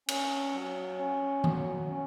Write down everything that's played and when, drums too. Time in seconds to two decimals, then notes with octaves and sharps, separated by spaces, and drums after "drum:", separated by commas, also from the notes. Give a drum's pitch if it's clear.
0.08 C#4, drum: cymbal
0.54 F#3
0.99 C#4
1.44 F#3, drum: tom D#3
1.88 C#4